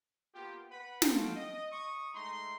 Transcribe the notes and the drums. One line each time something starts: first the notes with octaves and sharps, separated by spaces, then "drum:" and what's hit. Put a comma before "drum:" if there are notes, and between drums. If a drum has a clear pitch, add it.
A#3 B3 F4 G4
B4 F#5 B5
F4 F#4 A4 C5 F5 G5, drum: snare
D#5
C#6 D#6
G#3 A3 D#4 A#5 C6